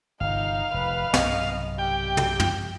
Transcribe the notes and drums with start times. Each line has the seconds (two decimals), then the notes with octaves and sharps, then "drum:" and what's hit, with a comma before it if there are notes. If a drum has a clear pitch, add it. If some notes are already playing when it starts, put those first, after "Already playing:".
0.20 G1 C3 D#4 F5
0.74 F1 B4
1.14 B1 G2 C3 D#5, drum: snare
1.79 G4 G5
2.17 drum: tom
2.40 drum: tom